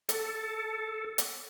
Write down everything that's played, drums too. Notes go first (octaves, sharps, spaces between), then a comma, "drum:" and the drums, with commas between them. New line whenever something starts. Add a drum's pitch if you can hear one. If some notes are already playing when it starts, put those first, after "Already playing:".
A4, drum: hi-hat
drum: hi-hat